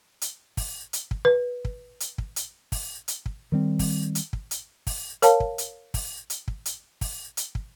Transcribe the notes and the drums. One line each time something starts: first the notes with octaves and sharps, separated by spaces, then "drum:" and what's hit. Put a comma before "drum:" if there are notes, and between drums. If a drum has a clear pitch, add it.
drum: hi-hat
drum: kick, open hi-hat
drum: hi-hat
drum: kick
B4
drum: kick
drum: hi-hat
drum: kick
drum: hi-hat
drum: kick, open hi-hat
drum: hi-hat
drum: kick
D#3 G3 C4
drum: kick, open hi-hat
drum: hi-hat
drum: kick
drum: hi-hat
drum: kick, open hi-hat
A#4 C#5 F5 A5, drum: hi-hat
drum: kick
drum: hi-hat
drum: kick, open hi-hat
drum: hi-hat
drum: kick
drum: hi-hat
drum: kick, open hi-hat
drum: hi-hat
drum: kick